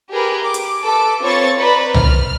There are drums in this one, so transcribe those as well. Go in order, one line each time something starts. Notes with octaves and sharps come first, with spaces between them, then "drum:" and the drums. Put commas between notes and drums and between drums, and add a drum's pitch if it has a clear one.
G4 G#4 A#4 B4
D6
drum: hi-hat
A4 B4 D6
C4 F4 B4 C#5 C#6 A6
B4 C5 D5 A#5 B5
F6, drum: tom C2